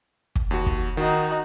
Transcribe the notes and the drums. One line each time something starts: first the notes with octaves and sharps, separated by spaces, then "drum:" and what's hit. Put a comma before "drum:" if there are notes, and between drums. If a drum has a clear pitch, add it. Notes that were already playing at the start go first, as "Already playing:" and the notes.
drum: kick
D#2 F#4
drum: kick
D#3 D#4 F#4